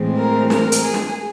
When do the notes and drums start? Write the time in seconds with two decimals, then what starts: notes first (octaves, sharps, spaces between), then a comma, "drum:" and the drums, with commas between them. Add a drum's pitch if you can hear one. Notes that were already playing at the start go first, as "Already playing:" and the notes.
Already playing: A2 E3 G#3 C4
0.17 A#4
0.50 A#4, drum: snare
0.72 drum: hi-hat
0.83 G#4
0.94 drum: snare